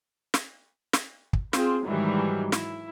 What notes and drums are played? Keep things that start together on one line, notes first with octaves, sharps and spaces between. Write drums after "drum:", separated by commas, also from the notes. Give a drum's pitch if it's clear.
drum: snare
drum: snare
drum: kick
C4 F4 G#4, drum: snare
G#2 D#3 E3 F#3 G3
E4, drum: snare